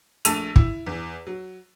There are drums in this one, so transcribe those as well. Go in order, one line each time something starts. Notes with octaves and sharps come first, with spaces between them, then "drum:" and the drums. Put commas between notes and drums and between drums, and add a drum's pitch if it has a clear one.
A#1 A3 A5 E6 D#7 F7, drum: hi-hat
E4, drum: kick
E2
F#3